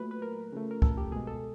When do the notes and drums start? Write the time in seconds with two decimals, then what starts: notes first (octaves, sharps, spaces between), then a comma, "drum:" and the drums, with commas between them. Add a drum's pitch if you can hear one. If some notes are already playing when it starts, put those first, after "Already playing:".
Already playing: A#2 F#3 A3 B4
0.11 B4
0.22 A#4
0.52 C#3 F3 A3
0.71 A#4
0.82 A4, drum: kick
0.97 G4
1.12 B2 G#3 G#4
1.27 A4